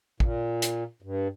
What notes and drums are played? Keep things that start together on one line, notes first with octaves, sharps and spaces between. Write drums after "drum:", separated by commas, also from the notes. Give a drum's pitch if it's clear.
A#2, drum: kick
drum: hi-hat
G2